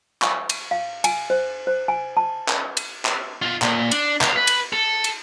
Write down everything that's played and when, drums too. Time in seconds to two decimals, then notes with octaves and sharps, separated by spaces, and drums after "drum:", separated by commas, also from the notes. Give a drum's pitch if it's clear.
0.22 C#6, drum: clap
0.49 drum: cymbal
0.71 F5
1.04 G#5, drum: cymbal
1.30 C5
1.67 C5
1.88 G#5
2.17 A5
2.48 drum: clap
2.77 drum: cymbal
3.05 drum: clap
3.42 B2 F4
3.62 A#2, drum: clap
3.91 D4, drum: cymbal
4.21 C#2 F5, drum: clap
4.36 B4
4.47 drum: cymbal
4.73 A4
5.04 drum: cymbal